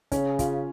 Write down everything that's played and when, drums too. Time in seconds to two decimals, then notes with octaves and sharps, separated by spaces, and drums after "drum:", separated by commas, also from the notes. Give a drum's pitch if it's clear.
0.12 C#3 C#4, drum: kick, hi-hat
0.39 F4, drum: kick, hi-hat